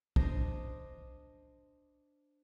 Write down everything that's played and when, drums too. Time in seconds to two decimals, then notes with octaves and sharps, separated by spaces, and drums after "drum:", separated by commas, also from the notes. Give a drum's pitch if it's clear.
0.16 D4 C5 D#5, drum: kick